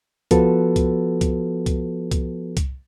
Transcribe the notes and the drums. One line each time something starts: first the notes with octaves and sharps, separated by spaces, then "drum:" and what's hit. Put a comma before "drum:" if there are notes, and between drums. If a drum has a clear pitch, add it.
F3 B3 F#4 A4 B4, drum: kick C2, hi-hat
drum: kick C2, hi-hat
drum: kick C2, hi-hat
drum: kick C2, hi-hat
drum: kick C2, hi-hat
drum: kick C2, hi-hat